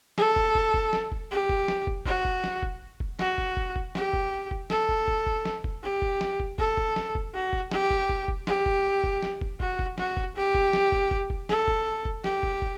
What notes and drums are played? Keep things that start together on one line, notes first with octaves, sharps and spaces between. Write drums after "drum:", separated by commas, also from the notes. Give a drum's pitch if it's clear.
A4, drum: snare
drum: kick
drum: kick
drum: kick
drum: snare
drum: kick
G4
drum: kick
drum: snare
drum: kick
F#4, drum: kick
drum: kick
drum: snare
drum: kick
drum: kick
F#4, drum: snare
drum: kick
drum: kick
drum: kick
G4, drum: snare
drum: kick
drum: kick
A4, drum: snare
drum: kick
drum: kick
drum: kick
drum: snare
drum: kick
G4
drum: kick
drum: snare
drum: kick
A4, drum: kick
drum: kick
drum: snare
drum: kick
F#4
drum: kick
G4, drum: snare
drum: kick
drum: kick
drum: kick
G4, drum: snare
drum: kick
drum: kick
drum: snare
drum: kick
F#4, drum: kick
drum: kick
F#4, drum: snare
drum: kick
G4
drum: kick
drum: snare
drum: kick
drum: kick
drum: kick
A4, drum: snare
drum: kick
drum: kick
G4, drum: snare
drum: kick
drum: kick